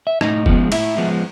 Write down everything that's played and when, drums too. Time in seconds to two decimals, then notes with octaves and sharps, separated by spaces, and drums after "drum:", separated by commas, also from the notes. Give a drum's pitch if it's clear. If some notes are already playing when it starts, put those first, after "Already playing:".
0.07 E5
0.21 A2 D#4 D#5, drum: rim click
0.46 F3 G#3 B3, drum: kick F1
0.72 A2 E4 E5, drum: cymbal
0.97 F3 G#3 B3